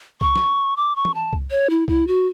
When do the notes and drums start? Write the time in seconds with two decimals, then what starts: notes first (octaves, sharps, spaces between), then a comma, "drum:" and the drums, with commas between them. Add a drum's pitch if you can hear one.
0.21 C#6, drum: kick C2
0.36 drum: snare
0.77 D6
0.96 C#6
1.05 drum: tom
1.15 A5
1.33 drum: kick C2
1.51 C#5
1.70 E4
1.88 E4, drum: kick C2
2.07 F#4